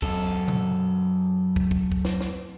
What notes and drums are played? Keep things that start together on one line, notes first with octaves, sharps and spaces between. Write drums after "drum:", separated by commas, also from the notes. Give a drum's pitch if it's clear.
F#2 A4, drum: kick
drum: tom A#2
drum: kick
drum: kick
drum: kick
drum: snare
drum: snare